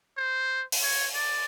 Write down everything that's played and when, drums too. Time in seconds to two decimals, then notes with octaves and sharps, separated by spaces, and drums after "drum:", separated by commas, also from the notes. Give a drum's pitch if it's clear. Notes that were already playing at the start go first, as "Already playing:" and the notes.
0.17 C5
0.72 drum: open hi-hat
0.83 C#5
1.16 D5